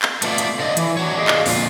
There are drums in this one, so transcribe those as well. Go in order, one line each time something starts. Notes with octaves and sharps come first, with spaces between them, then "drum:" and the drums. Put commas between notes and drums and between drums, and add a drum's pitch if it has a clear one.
drum: clap
A3 B3 C#4 F4 D5, drum: hi-hat
drum: hi-hat
D3 D5 D#5
E3, drum: hi-hat
D4 F#4 C#5
F#4 G#4 D5 D#5 F5
drum: clap
F2 A#2 E4 F4, drum: open hi-hat